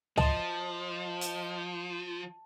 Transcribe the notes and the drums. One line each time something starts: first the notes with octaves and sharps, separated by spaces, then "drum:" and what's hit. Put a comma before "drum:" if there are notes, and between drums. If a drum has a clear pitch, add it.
F3 D#5 A5 C6, drum: tom C#2
drum: hi-hat